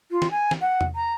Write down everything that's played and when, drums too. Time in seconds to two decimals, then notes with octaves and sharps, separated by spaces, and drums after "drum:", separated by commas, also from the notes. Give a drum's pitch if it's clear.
0.11 F4
0.22 drum: snare
0.31 G#5
0.51 drum: snare
0.61 F#5
0.81 drum: tom E2
0.95 A#5